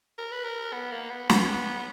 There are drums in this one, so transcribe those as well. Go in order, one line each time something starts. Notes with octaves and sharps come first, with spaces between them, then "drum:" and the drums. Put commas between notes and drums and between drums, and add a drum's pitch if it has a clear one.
A#4
B4
A#4
B3
A#3
B3
B3, drum: snare